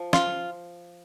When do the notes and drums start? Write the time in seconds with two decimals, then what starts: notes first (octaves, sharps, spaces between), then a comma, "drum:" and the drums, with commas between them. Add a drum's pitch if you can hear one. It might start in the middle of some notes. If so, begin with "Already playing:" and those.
Already playing: F3
0.13 F4, drum: snare